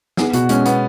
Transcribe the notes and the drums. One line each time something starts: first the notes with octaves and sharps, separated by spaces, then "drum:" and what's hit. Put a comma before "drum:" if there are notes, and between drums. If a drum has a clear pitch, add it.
B3 G#4, drum: snare
B2 F#4, drum: hi-hat
G#3 C#4, drum: hi-hat
B3, drum: hi-hat